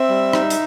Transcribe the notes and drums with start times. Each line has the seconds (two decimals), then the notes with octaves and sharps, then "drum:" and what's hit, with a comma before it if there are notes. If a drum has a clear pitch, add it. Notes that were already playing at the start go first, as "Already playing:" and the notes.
Already playing: C4 E5
0.09 G3
0.33 D#4, drum: rim click
0.50 drum: hi-hat